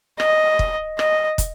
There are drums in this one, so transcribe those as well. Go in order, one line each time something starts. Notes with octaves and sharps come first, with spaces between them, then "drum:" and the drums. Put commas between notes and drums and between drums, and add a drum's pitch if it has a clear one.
D#5, drum: rim click
drum: kick
D#5, drum: rim click
drum: kick, hi-hat